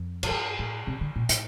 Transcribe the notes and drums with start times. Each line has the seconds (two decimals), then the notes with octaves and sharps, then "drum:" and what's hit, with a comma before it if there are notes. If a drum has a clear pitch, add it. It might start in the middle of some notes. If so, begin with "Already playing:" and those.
Already playing: F2
0.23 A2, drum: cymbal
0.31 G2
0.59 A2
0.87 C3
1.01 D3
1.16 A#2
1.29 A2, drum: hi-hat